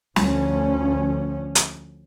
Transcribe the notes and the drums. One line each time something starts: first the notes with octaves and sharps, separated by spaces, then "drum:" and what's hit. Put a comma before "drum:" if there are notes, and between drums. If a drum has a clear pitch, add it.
D2 F3 C#4, drum: snare
drum: hi-hat